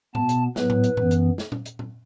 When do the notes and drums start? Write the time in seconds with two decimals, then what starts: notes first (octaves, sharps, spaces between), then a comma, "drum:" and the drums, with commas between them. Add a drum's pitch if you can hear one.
0.15 B2 B3 A5, drum: tom A2
0.29 drum: hi-hat
0.56 A2 F#3 B3 B4, drum: snare
0.70 drum: tom G#2
0.83 drum: hi-hat
0.97 F#2 E3 B3, drum: tom A2
1.11 drum: hi-hat
1.38 drum: snare
1.52 drum: tom A#2
1.66 drum: hi-hat
1.79 drum: tom A#2